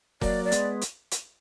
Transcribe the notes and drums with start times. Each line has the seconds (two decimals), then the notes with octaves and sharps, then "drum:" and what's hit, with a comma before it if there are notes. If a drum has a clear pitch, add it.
0.21 F#3 A#3 D5, drum: kick F1, open hi-hat
0.45 D5
0.52 G#3 B3, drum: hi-hat
0.81 drum: hi-hat
1.11 drum: hi-hat